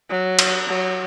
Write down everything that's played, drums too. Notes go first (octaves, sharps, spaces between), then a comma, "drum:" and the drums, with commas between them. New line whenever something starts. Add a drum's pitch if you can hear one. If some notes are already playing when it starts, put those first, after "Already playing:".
F#3
drum: cymbal
F#3